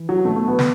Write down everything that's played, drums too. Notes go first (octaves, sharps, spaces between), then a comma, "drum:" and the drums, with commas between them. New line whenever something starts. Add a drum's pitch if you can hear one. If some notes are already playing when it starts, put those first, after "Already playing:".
Already playing: E3
F#3
B2 A3
A3
B3
drum: snare